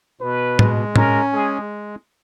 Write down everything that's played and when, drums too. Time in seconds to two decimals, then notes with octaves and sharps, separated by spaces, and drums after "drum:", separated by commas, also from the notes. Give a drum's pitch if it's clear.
0.21 B2 B4
0.59 G#3, drum: tom
0.96 C#4 A#4, drum: tom
1.33 G#3 G#4